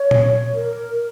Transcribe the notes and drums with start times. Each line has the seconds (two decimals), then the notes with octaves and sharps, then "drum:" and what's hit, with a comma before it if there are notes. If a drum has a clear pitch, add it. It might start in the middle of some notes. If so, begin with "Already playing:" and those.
Already playing: C#5
0.11 drum: tom A#2
0.55 A#4